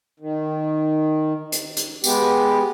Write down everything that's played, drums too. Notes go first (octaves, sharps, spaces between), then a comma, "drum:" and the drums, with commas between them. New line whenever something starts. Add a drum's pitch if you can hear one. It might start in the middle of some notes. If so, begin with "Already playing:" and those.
D#3
drum: hi-hat
drum: hi-hat
G#3 B3 G4, drum: tambourine